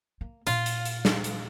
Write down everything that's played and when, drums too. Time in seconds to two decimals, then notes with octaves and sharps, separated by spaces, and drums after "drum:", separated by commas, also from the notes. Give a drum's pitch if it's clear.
0.21 A#3
0.47 A#2 F4, drum: hi-hat
0.66 drum: hi-hat
0.85 drum: hi-hat
1.05 drum: snare
1.24 drum: hi-hat